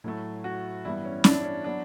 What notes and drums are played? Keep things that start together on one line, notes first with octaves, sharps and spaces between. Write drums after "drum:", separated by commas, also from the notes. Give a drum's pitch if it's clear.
A2 F#3 A3
F#4
G2 E3 G3 B3 E4
C#4
D4, drum: snare C#4
C#4
F#3 B3 D4